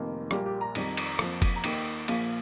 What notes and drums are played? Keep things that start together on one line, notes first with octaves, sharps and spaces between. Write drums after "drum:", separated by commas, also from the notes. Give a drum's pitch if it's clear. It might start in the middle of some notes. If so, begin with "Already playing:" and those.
Already playing: F1 F2 D#3 A#3
A#1 A#2 G3 A#3 G4, drum: rim click
G4
A#5
F2 D#3 G3, drum: cymbal
drum: cymbal
F2 F3 A#3, drum: rim click
drum: kick F#1, cymbal
A#5
D#2 D#3 A#3 G5, drum: cymbal
A#1 A#2 F3 A#3 F5, drum: cymbal